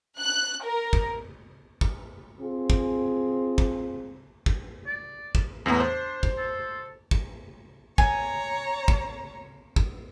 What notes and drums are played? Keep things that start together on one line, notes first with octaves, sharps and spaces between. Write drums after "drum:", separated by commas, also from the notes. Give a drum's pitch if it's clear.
F#6
A#4
drum: kick
drum: kick
C4 F4 G#4
drum: kick
drum: kick
drum: kick
D5
drum: kick
E2 A2 B3 A#5
D4 C5
drum: kick
A4
drum: kick
C#5 G#5 A#5, drum: kick
drum: kick
drum: kick